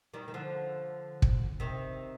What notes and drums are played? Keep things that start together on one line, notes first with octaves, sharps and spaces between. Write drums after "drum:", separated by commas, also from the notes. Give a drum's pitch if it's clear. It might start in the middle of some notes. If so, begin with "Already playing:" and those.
D#3 G3
D#3
D3 F3
drum: kick
C3 D#3